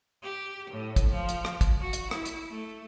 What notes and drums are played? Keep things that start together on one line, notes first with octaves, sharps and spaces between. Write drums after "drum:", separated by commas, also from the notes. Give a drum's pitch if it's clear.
G4
A2
drum: kick, hi-hat
F3
drum: hi-hat
drum: rim click
drum: kick, hi-hat
F#4
drum: hi-hat
E4, drum: rim click
drum: hi-hat
A3